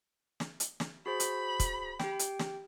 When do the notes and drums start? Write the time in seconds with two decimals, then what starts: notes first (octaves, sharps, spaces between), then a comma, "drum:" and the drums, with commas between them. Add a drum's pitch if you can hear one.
0.40 drum: snare
0.60 drum: hi-hat
0.80 drum: snare
1.06 F#4 G#4 C5 B5
1.20 drum: hi-hat
1.60 drum: kick, hi-hat
1.99 G4 G5, drum: snare
2.19 drum: hi-hat
2.39 drum: snare